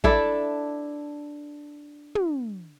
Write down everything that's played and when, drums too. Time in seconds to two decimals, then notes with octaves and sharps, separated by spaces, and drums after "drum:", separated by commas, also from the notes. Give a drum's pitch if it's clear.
0.04 D4 E4 A4, drum: kick
2.15 drum: tom